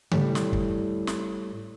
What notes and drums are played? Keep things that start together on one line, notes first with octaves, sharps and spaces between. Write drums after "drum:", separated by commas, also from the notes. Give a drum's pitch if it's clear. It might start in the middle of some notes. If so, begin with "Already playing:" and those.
A2 G3, drum: tom C#3
drum: snare
drum: kick
drum: snare